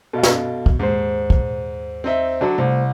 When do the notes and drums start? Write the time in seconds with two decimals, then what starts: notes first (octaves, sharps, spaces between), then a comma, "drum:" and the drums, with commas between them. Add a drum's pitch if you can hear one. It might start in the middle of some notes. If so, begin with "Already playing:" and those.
0.13 B2 A4 D#5 F5
0.23 drum: snare
0.66 drum: kick
0.79 D#2 G#2 C5
1.30 drum: kick
2.04 C4 D#4 E5
2.41 D3 F#3
2.58 C2 A3 C5